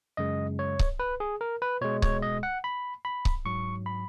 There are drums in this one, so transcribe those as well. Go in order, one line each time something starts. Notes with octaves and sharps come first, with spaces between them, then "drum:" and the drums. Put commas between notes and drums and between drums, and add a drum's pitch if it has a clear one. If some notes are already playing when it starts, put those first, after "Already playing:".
F#2 C#3 G#3 D#5
C#5
drum: kick C#1
B4
G#4
A#4
B4
B2 G#3 C#5
C#5, drum: kick C#1
D#5
F#5
B5
B5
drum: kick C#1
G#2 F#3 C#6
B5